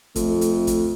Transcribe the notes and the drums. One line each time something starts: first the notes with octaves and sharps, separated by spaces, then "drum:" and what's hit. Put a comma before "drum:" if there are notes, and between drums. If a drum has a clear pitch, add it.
F2 A3, drum: kick, hi-hat
drum: hi-hat
drum: kick, hi-hat